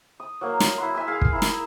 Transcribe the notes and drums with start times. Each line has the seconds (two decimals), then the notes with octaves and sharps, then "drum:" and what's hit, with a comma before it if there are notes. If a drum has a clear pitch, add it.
0.20 D#6
0.41 F#3 A#3
0.60 drum: snare
0.78 E4 F#4 C6
0.95 E5 G#5 E6
1.07 G#4 F5
1.21 drum: kick
1.33 E4 E5 A#5 E6
1.42 drum: snare